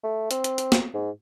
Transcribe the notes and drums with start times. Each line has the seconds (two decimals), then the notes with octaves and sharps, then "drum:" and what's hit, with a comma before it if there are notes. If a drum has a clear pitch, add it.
0.04 A3
0.31 C4, drum: hi-hat
0.44 drum: hi-hat
0.58 drum: hi-hat
0.72 drum: snare
0.94 G#2